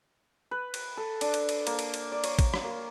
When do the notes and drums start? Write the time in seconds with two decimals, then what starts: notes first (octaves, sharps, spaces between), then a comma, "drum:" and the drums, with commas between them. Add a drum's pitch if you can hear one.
0.51 B4
0.74 drum: cymbal
0.97 A4
1.21 D4, drum: cymbal
1.34 drum: cymbal
1.49 drum: cymbal
1.67 A#3, drum: cymbal
1.79 drum: cymbal
1.94 drum: cymbal
2.12 D5
2.24 C#5, drum: cymbal
2.39 drum: kick, cymbal
2.54 drum: rim click
2.64 A#3